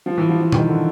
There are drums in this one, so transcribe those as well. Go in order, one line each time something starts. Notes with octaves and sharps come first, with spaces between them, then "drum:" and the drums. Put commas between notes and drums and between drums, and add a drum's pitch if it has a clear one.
F3
E3
F3
F3
D#3, drum: tom B2
D3